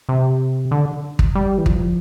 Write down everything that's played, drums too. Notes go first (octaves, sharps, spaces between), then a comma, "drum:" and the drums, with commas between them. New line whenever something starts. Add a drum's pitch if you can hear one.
C3
D3
drum: kick
G3
E3
F3, drum: kick